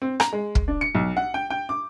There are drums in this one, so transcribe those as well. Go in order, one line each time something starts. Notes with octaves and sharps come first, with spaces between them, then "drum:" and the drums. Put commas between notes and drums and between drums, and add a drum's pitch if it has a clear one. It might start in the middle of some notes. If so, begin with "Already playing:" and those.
C4
A#5, drum: rim click
G#3
drum: kick
D4
C#7
B1
F#5
G5
G5
D6